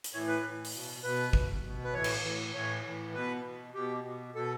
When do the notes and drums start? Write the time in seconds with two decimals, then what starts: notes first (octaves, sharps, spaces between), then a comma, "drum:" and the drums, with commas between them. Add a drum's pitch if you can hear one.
0.04 drum: hi-hat
0.14 A2 E3 C#5
0.28 B4
0.43 A2 E3
0.65 drum: open hi-hat
0.74 B2
1.03 B2 B4
1.33 B2, drum: kick G#1
1.65 B2
1.84 B4
1.94 A2 E3 C#5
2.04 drum: cymbal
2.24 A2 E3
2.54 A2 E3 C#5
2.85 A2 E3
3.14 B2 B4
3.45 B2
3.75 B2 G4
4.04 B2
4.34 B2 A4